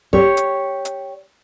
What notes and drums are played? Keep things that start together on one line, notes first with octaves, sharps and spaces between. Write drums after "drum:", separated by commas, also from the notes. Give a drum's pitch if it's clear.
G4 C#5, drum: kick
drum: hi-hat
drum: hi-hat